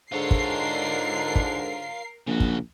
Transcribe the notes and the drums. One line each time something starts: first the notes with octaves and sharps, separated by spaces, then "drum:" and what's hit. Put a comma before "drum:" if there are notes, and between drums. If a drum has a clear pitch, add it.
G#2 D3 D4 F4 A#4 C#5 C7
drum: kick
drum: kick
A#1 C#3 F#4
drum: kick